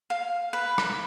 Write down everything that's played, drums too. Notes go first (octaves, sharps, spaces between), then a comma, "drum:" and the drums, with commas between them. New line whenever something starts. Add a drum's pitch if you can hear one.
F5
B4
B5, drum: rim click